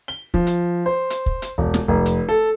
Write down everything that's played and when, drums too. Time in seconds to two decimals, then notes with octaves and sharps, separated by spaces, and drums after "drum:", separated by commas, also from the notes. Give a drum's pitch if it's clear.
0.08 G7
0.34 F3, drum: kick
0.47 drum: hi-hat
0.86 C5
1.10 drum: hi-hat
1.26 drum: kick
1.42 drum: hi-hat
1.58 E1
1.74 drum: snare
1.88 F1
2.06 drum: hi-hat
2.29 A4